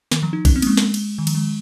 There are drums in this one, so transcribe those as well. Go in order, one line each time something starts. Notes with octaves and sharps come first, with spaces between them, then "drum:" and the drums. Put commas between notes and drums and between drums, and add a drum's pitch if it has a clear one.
D#3, drum: snare
F3
D#4
C#4, drum: kick A#1, cymbal
C4
A#3, drum: cymbal
G#3
drum: snare
drum: cymbal
D#3
F3, drum: cymbal
G#3